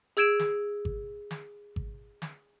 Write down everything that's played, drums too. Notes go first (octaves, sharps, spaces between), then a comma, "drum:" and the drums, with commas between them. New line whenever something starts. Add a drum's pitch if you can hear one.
G#4 E6 G#6 D7 E7
drum: snare
drum: kick G#1
drum: snare
drum: kick G#1
drum: snare